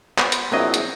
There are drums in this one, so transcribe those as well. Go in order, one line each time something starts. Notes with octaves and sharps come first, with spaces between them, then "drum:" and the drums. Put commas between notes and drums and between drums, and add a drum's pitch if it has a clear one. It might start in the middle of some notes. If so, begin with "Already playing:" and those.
B3 C5, drum: clap
drum: hi-hat
A#1 F#3 C4 E4 G#4 D#5
drum: hi-hat